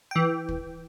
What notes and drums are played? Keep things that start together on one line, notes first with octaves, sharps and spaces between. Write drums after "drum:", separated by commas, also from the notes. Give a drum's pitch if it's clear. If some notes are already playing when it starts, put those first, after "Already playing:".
E3 G5
drum: kick